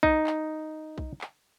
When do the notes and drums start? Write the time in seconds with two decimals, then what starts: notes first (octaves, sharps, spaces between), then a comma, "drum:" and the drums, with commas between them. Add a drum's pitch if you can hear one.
0.03 D#4, drum: kick B1
0.27 drum: clap
0.98 drum: kick B1
1.21 drum: clap